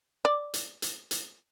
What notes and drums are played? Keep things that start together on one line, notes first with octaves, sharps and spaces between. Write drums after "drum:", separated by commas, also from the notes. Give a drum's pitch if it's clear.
D5
drum: hi-hat
drum: hi-hat
drum: hi-hat